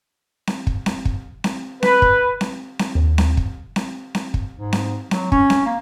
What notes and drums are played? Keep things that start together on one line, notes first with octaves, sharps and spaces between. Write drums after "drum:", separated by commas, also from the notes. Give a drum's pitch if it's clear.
drum: snare C4
drum: kick
drum: snare C4
drum: kick
drum: snare C4
B4, drum: snare C4
drum: kick
drum: snare C4
drum: snare C4
D#2
drum: snare C4
drum: kick
drum: snare C4
drum: snare C4
drum: kick
G#2
drum: snare C4
F#3, drum: snare C4
C#4, drum: kick
drum: snare C4
A#3